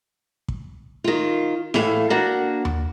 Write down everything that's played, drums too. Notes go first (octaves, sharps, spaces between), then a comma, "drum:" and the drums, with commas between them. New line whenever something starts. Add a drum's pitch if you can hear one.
drum: kick
D#3 F4
A2 E3 F5, drum: snare E4
A#3 D4 F#4
drum: tom D#2